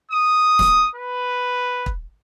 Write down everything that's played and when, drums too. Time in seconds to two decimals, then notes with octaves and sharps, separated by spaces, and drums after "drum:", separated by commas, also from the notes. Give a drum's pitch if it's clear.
0.12 D#6
0.59 drum: snare
0.95 B4
1.86 drum: kick